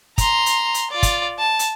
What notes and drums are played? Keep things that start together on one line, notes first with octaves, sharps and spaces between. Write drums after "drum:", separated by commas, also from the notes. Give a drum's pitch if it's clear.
A#5 C6, drum: kick, hi-hat
drum: hi-hat
drum: hi-hat
F4 D5
drum: kick, hi-hat
A5
drum: hi-hat